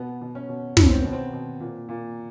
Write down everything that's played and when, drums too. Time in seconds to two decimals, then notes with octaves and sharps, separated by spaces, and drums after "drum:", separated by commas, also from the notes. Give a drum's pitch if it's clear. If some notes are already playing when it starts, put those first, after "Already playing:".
Already playing: B2 B3
0.21 B2
0.35 C#4
0.49 B2
0.77 B2 C#4, drum: snare
0.89 C4
1.01 B2 B3
1.12 C4
1.33 B2
1.60 A#2
1.89 A#2